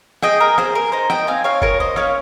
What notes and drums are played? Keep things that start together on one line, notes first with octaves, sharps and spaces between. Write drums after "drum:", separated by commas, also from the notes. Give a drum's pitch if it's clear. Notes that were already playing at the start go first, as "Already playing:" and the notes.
G#4 D#5 G5, drum: rim click
A#4
G#4 C5, drum: rim click
A#4
D#4 C5
D#5 G5, drum: rim click
C4 F5 G#5
C#5 F5
F4 A#4 C#5, drum: kick
C5 D#5
C#4 C#5 F5, drum: rim click